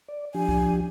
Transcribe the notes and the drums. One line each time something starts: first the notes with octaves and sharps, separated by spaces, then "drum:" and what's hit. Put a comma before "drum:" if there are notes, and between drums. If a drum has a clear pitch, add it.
D5
F3 D4 G4 G#5
drum: kick C2